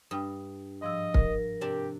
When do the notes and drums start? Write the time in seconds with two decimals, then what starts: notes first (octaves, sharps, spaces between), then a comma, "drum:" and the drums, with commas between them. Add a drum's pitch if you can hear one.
0.11 G2 D4 G5 D#6
0.82 G#2 F3 D#5 E6
1.14 A#4, drum: kick
1.61 C3 D4 G4 A5